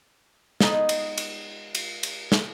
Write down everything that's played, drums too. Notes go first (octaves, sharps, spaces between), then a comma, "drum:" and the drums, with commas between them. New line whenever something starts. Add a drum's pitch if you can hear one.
G#3 B3 D#4 D5 D#5, drum: snare
drum: cymbal
drum: cymbal
drum: cymbal
drum: cymbal
drum: snare